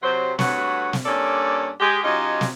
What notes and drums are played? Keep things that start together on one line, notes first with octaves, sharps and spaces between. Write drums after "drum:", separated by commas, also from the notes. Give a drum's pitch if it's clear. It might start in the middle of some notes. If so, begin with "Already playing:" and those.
C3 F#3 C5
G2 A3 F#4 B4 C#5 F#5, drum: snare
drum: snare
G2 A#3 C#4 A4 D5
G#3 G4 G#4
F#3 C#4 D#4 F4 G4 D#5
drum: snare